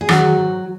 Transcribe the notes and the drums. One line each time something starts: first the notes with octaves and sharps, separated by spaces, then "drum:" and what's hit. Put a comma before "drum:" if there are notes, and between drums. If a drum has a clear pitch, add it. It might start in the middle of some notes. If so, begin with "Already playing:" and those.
G#4
D#3 F#3 F#4, drum: rim click
G#2